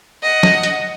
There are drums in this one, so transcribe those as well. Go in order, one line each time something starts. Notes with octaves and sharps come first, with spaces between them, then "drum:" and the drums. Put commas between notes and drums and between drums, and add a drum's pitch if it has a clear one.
D#5 F#5
drum: snare
drum: hi-hat